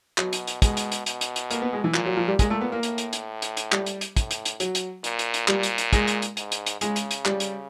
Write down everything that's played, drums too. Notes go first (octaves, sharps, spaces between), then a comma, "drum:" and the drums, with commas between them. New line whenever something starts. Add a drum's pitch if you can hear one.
B2 F#3, drum: clap
drum: hi-hat
drum: hi-hat
B2 G#3, drum: kick, hi-hat
drum: hi-hat
drum: hi-hat
B2, drum: hi-hat
drum: hi-hat
drum: hi-hat
A#3, drum: hi-hat
B3
G#3
E3
A#2 F3, drum: clap
F#3
F3
G3
A#2 G#3, drum: kick, hi-hat
A3
B3
A#3
A2, drum: hi-hat
drum: hi-hat
drum: hi-hat
drum: hi-hat
drum: hi-hat
G3, drum: clap
drum: hi-hat
drum: hi-hat
A2, drum: kick, hi-hat
drum: hi-hat
drum: hi-hat
F#3, drum: hi-hat
drum: hi-hat
A#2, drum: hi-hat
drum: hi-hat
drum: hi-hat
A#2 G3, drum: clap
drum: hi-hat
drum: hi-hat
G#3, drum: kick, hi-hat
drum: hi-hat
drum: hi-hat
G#2, drum: hi-hat
drum: hi-hat
drum: hi-hat
C#3 G#3, drum: hi-hat
drum: hi-hat
drum: hi-hat
G3, drum: clap
drum: hi-hat